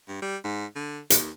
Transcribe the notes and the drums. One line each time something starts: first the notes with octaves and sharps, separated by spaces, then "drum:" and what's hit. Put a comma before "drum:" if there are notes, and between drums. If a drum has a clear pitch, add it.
G2
G3
G#2
D3
D#2, drum: hi-hat